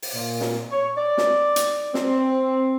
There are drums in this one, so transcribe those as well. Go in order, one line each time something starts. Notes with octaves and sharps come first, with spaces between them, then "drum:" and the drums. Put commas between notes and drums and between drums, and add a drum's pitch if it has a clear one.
drum: open hi-hat
A#2
drum: snare
C#5
D5
drum: snare
drum: hi-hat
C4, drum: snare